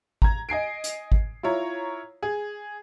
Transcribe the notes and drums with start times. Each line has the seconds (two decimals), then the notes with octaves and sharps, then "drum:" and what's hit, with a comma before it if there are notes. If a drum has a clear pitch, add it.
0.22 A#5 G#6, drum: kick
0.49 D#5 G#5 C7 D7
0.84 drum: hi-hat
1.12 drum: kick
1.43 E4 F4 C#5 A#5
2.23 G#4